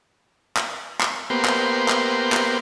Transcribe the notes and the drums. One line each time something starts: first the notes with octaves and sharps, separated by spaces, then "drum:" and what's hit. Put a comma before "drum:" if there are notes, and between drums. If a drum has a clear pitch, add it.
drum: clap
drum: clap
A#3 B3 G4 C5
drum: clap
drum: clap
drum: clap